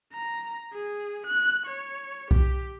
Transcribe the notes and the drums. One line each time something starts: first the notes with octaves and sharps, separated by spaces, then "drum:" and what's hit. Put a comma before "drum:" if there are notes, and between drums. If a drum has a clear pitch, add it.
A#5
G#4
F#6
C#5
G4, drum: kick B1